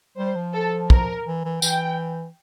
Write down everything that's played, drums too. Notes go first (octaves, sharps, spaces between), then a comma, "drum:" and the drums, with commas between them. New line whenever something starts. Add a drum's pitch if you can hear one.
G3 C5
F3
A4
A#4, drum: kick
E3
E3
E3 G5, drum: tambourine